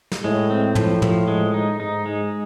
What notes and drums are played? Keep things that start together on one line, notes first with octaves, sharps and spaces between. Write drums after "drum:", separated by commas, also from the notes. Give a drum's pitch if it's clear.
drum: snare
A2 G#3
C4
A2 F3, drum: tom
F3, drum: tom
G#3
D#4
G#2 D#4
G#3